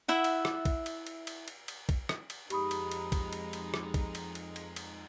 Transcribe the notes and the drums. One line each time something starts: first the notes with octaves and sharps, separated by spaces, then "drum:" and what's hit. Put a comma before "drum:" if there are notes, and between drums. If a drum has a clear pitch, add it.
E4 E5 F#5
drum: cymbal
drum: rim click
drum: kick, cymbal
drum: cymbal
drum: cymbal
drum: cymbal
drum: cymbal
drum: cymbal
drum: kick, cymbal
drum: rim click
drum: cymbal
F2 G#3 D#4 G4 B5 D#6, drum: cymbal
drum: cymbal
drum: cymbal
drum: kick, cymbal
drum: cymbal
drum: cymbal
drum: rim click
drum: kick, cymbal
drum: cymbal
drum: cymbal
drum: cymbal
drum: cymbal